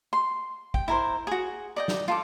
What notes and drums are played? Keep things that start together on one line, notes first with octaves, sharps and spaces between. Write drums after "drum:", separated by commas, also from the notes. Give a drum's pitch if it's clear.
C6
G5, drum: kick
E4 A#4 C5
F#4 G#4
D5 D#5 G5
drum: snare
F4 A4 D6